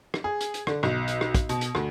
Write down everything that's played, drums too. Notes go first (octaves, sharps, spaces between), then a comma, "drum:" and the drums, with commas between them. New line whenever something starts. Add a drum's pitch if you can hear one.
drum: rim click
G#4
drum: hi-hat
drum: hi-hat
D3, drum: rim click
B1, drum: rim click
drum: hi-hat
drum: rim click
drum: kick, hi-hat
B2, drum: hi-hat
drum: hi-hat
D2, drum: rim click